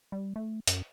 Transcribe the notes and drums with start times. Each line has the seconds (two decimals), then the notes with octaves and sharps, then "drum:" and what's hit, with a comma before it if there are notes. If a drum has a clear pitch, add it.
0.12 G3
0.36 A3
0.67 F#2, drum: hi-hat